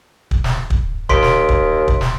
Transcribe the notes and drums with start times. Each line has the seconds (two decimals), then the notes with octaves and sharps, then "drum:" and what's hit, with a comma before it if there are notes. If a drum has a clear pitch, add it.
0.31 drum: kick
0.44 drum: snare
0.70 drum: kick
1.09 D#2 C6 B6 D7, drum: kick
1.22 drum: snare
1.49 drum: kick
1.88 drum: kick
2.01 drum: snare